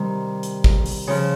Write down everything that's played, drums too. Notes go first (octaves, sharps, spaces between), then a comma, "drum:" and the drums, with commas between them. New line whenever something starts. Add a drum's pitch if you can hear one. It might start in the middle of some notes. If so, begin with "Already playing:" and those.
Already playing: C3 D#3 G3
drum: hi-hat
drum: kick
drum: open hi-hat
C#3 F3